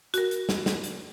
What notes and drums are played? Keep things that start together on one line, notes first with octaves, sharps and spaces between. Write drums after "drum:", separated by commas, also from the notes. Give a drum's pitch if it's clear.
F#4 A#4, drum: hi-hat
drum: hi-hat
drum: snare
drum: snare
drum: hi-hat